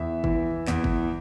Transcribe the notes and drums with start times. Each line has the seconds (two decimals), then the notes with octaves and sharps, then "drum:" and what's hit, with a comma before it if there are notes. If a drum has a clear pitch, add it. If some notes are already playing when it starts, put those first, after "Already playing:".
Already playing: E2 E5
0.24 E3, drum: kick
0.67 E2, drum: clap
0.84 drum: kick